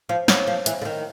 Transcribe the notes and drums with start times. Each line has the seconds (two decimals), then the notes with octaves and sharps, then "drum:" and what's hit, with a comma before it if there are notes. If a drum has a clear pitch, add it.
0.09 F3
0.28 F#3, drum: snare
0.47 F3
0.66 E3, drum: hi-hat
0.82 D3
0.85 D#3